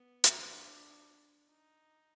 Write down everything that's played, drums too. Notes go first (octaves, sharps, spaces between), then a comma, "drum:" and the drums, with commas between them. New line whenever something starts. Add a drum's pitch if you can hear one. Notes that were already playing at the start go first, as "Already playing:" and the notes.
Already playing: B3
drum: hi-hat
D4
D#4